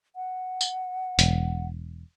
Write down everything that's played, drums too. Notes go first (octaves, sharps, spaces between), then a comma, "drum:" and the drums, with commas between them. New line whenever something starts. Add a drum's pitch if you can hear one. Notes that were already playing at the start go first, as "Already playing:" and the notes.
F#5
drum: tambourine
E1, drum: hi-hat